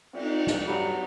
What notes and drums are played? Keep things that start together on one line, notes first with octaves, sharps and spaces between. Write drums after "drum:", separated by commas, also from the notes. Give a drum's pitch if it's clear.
drum: cymbal
D#4
drum: snare
G2 F#3 G3